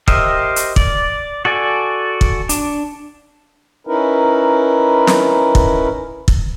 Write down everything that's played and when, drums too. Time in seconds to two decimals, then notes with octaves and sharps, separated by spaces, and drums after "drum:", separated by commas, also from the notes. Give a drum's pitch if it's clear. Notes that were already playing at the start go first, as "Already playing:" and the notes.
0.08 G4 A#4 C5 D#5 E5, drum: kick
0.56 drum: hi-hat
0.76 D5, drum: kick
1.45 F#4 A4 D5 G#5
2.21 drum: kick
2.49 D4, drum: hi-hat
3.87 C#4 D#4 E4 A#4 B4
5.07 drum: snare
5.55 drum: kick
6.28 drum: kick